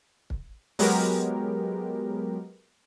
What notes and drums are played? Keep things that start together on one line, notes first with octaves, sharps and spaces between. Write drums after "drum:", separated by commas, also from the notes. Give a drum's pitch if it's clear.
drum: kick
F#3 G#3 B3 G4 A#4, drum: open hi-hat